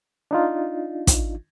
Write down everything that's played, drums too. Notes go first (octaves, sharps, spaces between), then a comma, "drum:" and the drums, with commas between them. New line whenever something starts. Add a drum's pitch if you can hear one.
D4 D#4 F4
drum: kick, hi-hat